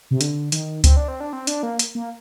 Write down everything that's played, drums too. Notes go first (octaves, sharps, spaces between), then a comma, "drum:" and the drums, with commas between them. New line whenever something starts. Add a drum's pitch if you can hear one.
C3
D3, drum: hi-hat
D#3, drum: hi-hat
C4, drum: kick C#2, hi-hat
D4
C4
D4
C4
D4, drum: hi-hat
A#3
drum: hi-hat
A#3